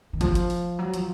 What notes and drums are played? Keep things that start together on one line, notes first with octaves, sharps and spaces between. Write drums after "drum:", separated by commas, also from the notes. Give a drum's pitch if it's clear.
D#3
F3, drum: kick, hi-hat
drum: hi-hat
drum: open hi-hat
F#3
F3, drum: hi-hat